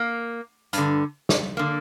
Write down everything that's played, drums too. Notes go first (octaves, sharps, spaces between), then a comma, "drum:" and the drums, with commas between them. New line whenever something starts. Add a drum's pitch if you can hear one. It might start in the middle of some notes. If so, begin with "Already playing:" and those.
Already playing: A#3
G2 D3, drum: hi-hat
drum: snare
D3 A#3